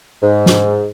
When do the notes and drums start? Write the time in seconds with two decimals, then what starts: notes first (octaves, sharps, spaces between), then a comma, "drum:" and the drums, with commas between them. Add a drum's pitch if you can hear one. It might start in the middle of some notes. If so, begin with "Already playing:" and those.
0.22 G#2
0.46 drum: snare